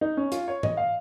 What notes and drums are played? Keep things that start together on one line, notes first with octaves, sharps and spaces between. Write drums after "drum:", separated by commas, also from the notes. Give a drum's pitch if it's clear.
D#4
C#4
F4, drum: hi-hat
C#5
D#5, drum: tom G#2
F5